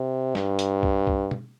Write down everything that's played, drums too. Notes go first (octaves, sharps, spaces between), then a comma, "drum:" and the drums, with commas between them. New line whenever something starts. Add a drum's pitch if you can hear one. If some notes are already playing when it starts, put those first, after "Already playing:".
Already playing: C3
G2, drum: snare
drum: hi-hat
drum: kick
drum: kick
drum: tom B2